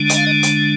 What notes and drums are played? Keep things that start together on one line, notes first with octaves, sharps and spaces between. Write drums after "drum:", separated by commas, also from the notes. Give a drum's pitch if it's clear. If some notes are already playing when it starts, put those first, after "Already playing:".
Already playing: D3 G#3 D4
D#5, drum: hi-hat
F5
D#5
drum: hi-hat